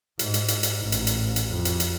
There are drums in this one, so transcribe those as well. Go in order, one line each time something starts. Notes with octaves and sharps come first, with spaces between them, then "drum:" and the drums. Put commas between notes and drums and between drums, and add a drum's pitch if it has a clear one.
G#2, drum: hi-hat
drum: hi-hat
drum: hi-hat
drum: hi-hat
A1
drum: hi-hat
drum: hi-hat
drum: hi-hat
F2
drum: hi-hat
drum: hi-hat